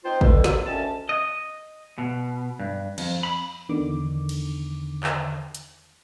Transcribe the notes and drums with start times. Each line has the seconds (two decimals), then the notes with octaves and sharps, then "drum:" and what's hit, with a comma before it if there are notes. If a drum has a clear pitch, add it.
0.05 C4 D#4 F4 C5
0.21 G2 B2 D3, drum: kick G#1
0.44 drum: snare
0.66 D2 D#3 C#4 A5
1.09 D#5
1.98 B2
2.59 G2
2.98 F2, drum: cymbal
3.23 B5
3.69 E2 D3 D#3 D6
4.29 drum: cymbal
5.03 drum: clap
5.55 drum: hi-hat